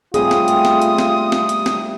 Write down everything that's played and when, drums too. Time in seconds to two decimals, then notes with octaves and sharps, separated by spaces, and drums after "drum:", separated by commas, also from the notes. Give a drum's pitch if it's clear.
0.14 A2 C3 G3 F4 G#4 D#6, drum: hi-hat
0.31 drum: snare
0.48 drum: hi-hat
0.65 drum: snare
0.82 drum: hi-hat
0.98 drum: snare
1.32 drum: snare
1.49 drum: hi-hat
1.66 drum: snare